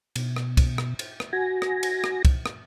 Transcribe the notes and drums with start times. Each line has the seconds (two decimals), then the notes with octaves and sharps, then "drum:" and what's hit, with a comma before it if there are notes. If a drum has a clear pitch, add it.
0.16 B2, drum: cymbal
0.36 drum: rim click
0.57 drum: kick, cymbal
0.78 drum: rim click
0.99 drum: cymbal
1.20 drum: rim click
1.33 F#4 G#5 A#6
1.62 drum: rim click
1.83 drum: cymbal
2.04 drum: rim click
2.25 drum: kick, cymbal
2.46 drum: rim click